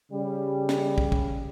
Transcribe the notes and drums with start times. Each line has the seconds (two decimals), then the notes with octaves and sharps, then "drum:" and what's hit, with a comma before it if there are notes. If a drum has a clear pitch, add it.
0.11 C#3 G3
0.69 drum: snare
0.98 drum: kick
1.12 drum: kick